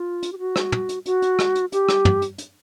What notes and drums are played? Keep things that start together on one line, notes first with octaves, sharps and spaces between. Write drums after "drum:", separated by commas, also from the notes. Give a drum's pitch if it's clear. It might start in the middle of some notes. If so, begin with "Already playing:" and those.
Already playing: F4
drum: hi-hat
G4
F#4
drum: rim click
drum: tom
drum: hi-hat
F#4, drum: hi-hat
drum: hi-hat
drum: rim click
drum: hi-hat
G4, drum: hi-hat
drum: rim click
drum: tom
drum: hi-hat
drum: hi-hat